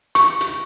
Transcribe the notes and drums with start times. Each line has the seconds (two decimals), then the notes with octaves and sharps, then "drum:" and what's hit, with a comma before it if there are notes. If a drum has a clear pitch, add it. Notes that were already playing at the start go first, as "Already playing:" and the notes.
0.15 C#6, drum: hi-hat
0.41 drum: hi-hat